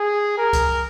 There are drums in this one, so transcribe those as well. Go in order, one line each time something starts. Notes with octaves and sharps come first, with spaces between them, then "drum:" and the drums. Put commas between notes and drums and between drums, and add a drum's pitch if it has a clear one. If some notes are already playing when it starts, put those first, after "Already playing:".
Already playing: G#4
A#4
drum: kick C#2, hi-hat